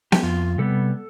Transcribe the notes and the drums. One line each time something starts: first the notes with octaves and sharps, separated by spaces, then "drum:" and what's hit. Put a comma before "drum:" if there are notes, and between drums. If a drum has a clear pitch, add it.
G4, drum: snare B3
F2 F4
C3 G3 B3 A4